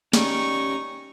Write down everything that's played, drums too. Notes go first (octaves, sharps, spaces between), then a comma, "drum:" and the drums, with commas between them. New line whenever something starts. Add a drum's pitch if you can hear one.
C#4 D#4 G4 D5 C#6, drum: snare